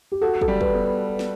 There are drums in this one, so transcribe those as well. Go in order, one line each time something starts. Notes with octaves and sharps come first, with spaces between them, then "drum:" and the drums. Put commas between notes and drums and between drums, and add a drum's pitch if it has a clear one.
G4
F#4 A4
A4, drum: kick
G3
B4, drum: kick
B3
drum: snare